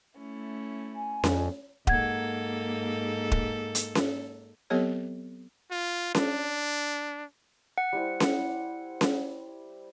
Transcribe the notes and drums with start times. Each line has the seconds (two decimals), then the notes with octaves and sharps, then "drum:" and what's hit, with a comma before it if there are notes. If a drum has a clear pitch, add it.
0.18 A3 C#4 E4
0.95 G#5
1.24 F2, drum: snare C#4
1.87 G#2 A#3 A4 F#5 G#6, drum: kick D#1
3.32 drum: kick D#1
3.75 drum: hi-hat
3.95 drum: snare C#4
4.70 F#3 B3 C4 G4 A4 C#5
5.71 F4
6.15 D4, drum: snare C#4
7.78 F#5
7.93 G3 E4 C5
8.20 drum: snare C#4
9.01 drum: snare C#4